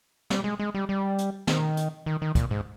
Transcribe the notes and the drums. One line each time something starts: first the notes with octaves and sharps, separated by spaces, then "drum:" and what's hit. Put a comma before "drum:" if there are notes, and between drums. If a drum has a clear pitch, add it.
G3, drum: snare
G#3
G#3
G3
G3
drum: hi-hat
D#3, drum: snare
drum: hi-hat
D#3
D#3
A#2, drum: kick, hi-hat
G#2